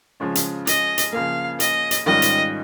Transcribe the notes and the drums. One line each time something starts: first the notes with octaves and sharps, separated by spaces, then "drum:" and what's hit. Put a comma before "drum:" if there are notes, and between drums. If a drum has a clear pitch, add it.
C#3 F3 G#3 C#4
drum: hi-hat
D#5, drum: hi-hat
drum: hi-hat
C#3 F3 A#3 F5
D#5, drum: hi-hat
drum: hi-hat
G#2 D#3 G3 C#4 F4 D#5
drum: hi-hat